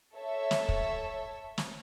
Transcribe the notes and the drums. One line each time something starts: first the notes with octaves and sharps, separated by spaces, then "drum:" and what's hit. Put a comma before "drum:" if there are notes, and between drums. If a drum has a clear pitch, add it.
A4 C#5 E5
drum: snare
drum: kick
drum: snare